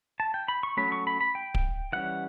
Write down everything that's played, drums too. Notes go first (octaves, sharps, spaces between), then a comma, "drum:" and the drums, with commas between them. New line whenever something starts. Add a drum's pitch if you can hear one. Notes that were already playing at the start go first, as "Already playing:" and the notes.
A5
G5
B5
C#6
F#3 A3 C#4 B5
C#6
B5
B5
G5
drum: kick D1
E3 G3 C#4 F#5